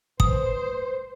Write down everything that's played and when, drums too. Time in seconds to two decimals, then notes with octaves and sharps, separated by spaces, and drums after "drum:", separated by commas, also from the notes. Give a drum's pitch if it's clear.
0.20 B4 C5 D#6, drum: kick